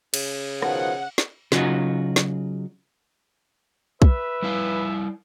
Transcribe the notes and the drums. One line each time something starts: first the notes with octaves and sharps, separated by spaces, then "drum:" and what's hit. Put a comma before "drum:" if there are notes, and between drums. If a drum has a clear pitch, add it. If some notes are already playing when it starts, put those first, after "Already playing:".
C#3, drum: cymbal
B2 D#3 F3 F#5, drum: rim click
drum: snare
C#3 F#3 D#4 F4 F#4, drum: snare
drum: snare
B4 E5, drum: kick
G3 E4 F5